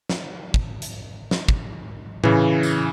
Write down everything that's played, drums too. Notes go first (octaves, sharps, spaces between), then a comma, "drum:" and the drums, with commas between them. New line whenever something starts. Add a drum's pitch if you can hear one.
drum: snare
drum: kick
drum: hi-hat
drum: snare
drum: kick
C#3 E3, drum: tom A2
drum: tambourine